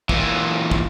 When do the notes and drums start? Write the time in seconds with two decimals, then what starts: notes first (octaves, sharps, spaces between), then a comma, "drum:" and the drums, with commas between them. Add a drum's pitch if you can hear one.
0.09 A#2 E3, drum: kick
0.71 drum: kick